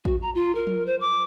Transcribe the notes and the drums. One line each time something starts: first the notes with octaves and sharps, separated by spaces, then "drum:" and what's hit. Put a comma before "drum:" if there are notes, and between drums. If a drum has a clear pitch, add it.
F#4, drum: kick A#1
A#5
F4
A#4
drum: tom F3
C5
D6